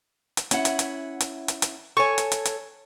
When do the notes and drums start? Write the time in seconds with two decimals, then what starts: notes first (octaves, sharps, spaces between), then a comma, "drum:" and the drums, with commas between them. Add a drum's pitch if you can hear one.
0.37 drum: hi-hat
0.51 C#4 E4 F#5, drum: hi-hat
0.65 drum: hi-hat
0.79 drum: hi-hat
1.21 drum: hi-hat
1.48 drum: hi-hat
1.62 drum: hi-hat
1.97 A4 C#5 G#5 C#6
2.18 drum: hi-hat
2.32 drum: hi-hat
2.45 drum: hi-hat